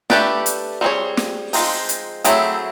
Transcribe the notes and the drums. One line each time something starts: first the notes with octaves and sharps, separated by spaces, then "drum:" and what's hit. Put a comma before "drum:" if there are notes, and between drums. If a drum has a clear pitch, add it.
A3 D4 G4 B4 D5, drum: snare
drum: hi-hat
G3 C4 D#4 G#4 C#5
drum: snare
F3 G#3 C4 D#4, drum: open hi-hat
drum: hi-hat
F#3 A3 C4 E4 G#4, drum: hi-hat